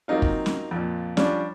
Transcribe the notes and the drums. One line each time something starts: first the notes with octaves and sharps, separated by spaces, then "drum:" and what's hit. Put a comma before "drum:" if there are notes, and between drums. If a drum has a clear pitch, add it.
F#3 A#3 C4 D#4 F4
drum: kick
drum: snare
F2 A#2
F3 G3 C#4 D4, drum: snare